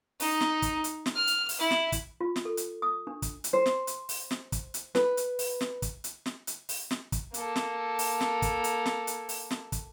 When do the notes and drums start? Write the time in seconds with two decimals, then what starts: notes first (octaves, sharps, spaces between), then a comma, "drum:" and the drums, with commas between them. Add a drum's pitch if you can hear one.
0.20 D#4, drum: open hi-hat
0.41 drum: snare
0.62 drum: kick, hi-hat
0.84 drum: hi-hat
1.06 drum: snare
1.15 F6
1.27 drum: hi-hat
1.49 drum: open hi-hat
1.59 E4
1.71 drum: snare
1.92 drum: kick, hi-hat
2.21 F4
2.36 drum: snare
2.45 A4
2.57 drum: hi-hat
2.82 D#6
3.07 D4
3.22 drum: kick, hi-hat
3.44 drum: hi-hat
3.53 C5
3.66 drum: snare
3.87 drum: hi-hat
4.09 drum: open hi-hat
4.31 drum: snare
4.52 drum: kick, hi-hat
4.74 drum: hi-hat
4.95 B4, drum: snare
5.17 drum: hi-hat
5.39 drum: open hi-hat
5.61 drum: snare
5.82 drum: kick, hi-hat
6.04 drum: hi-hat
6.26 drum: snare
6.47 drum: hi-hat
6.69 drum: open hi-hat
6.91 drum: snare
7.12 drum: kick, hi-hat
7.34 A#3 A4, drum: hi-hat
7.56 drum: snare
7.99 drum: open hi-hat
8.21 drum: snare
8.42 drum: kick, hi-hat
8.64 drum: hi-hat
8.86 drum: snare
9.07 drum: hi-hat
9.29 drum: open hi-hat
9.51 drum: snare
9.72 drum: kick, hi-hat